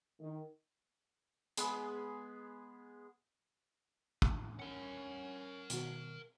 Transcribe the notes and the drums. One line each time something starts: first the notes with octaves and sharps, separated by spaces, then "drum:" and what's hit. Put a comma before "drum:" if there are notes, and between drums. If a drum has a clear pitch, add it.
D#3
G#3 B3 G#4 B5, drum: hi-hat
drum: kick
C#4 A#4 F#5
B2 D#3 F#4, drum: hi-hat